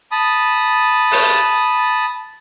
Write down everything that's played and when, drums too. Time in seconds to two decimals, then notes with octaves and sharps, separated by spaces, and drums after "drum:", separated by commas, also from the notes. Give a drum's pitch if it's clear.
0.12 A5 B5 D#6
1.11 drum: open hi-hat